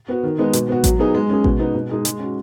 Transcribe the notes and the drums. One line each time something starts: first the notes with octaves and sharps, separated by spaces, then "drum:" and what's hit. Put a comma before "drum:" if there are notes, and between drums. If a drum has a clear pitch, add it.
B3 F#4
D#3
G#3 B3 D#4
B2, drum: hi-hat
B3 F#4
F#3, drum: kick A1, hi-hat
B3 D#4 G#4
G#3
C#4 G#4
B2, drum: kick A1
B3 D#4
B2
G#3 D#4 G#4
G#3, drum: hi-hat
C#4 F#4